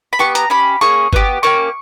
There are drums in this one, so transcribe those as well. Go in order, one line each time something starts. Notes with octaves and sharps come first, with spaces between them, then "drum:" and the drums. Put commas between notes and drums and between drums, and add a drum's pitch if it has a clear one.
B5
B3 G4 C#6
A#5, drum: hi-hat
C#4 G4 B5
A#3 C#4 G#4 C#6
B3 G4, drum: kick G1
A#3 C#4 G4 C#6